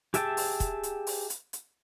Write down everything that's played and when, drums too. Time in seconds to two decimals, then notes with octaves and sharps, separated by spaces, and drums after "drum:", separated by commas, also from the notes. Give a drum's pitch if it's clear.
0.14 G4 G#4 E5 G5 A5, drum: hi-hat
0.37 drum: open hi-hat
0.60 drum: kick, hi-hat
0.83 drum: hi-hat
1.07 drum: open hi-hat
1.30 drum: hi-hat
1.53 drum: hi-hat